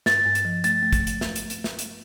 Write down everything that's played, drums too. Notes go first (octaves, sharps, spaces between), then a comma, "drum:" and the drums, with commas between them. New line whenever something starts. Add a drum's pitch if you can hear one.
G2 A6, drum: snare
G2
drum: hi-hat
F3
A3 A6, drum: hi-hat
A3
drum: kick, hi-hat
drum: hi-hat
drum: snare
drum: hi-hat
drum: hi-hat
drum: snare
drum: hi-hat